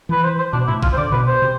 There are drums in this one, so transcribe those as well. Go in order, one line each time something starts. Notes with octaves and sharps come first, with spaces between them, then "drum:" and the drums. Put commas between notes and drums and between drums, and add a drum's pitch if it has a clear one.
E3 B4
C5
C5
B2 D4
A2 E4
F4, drum: kick G#1
C5
D3 D5
B2 B4
C5
C3